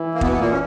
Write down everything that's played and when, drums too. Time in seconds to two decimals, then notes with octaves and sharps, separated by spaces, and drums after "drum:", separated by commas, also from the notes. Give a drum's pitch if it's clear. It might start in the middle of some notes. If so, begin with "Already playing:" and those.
Already playing: E3
0.15 A#3
0.21 B2 B3, drum: kick
0.32 B3
0.40 A#2 A#3
0.51 C#4